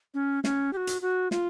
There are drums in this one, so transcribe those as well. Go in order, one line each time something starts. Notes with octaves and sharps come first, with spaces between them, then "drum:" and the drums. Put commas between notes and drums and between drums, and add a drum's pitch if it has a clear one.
C#4
C#4, drum: snare
G4
F#4
drum: hi-hat
F#4
F4, drum: snare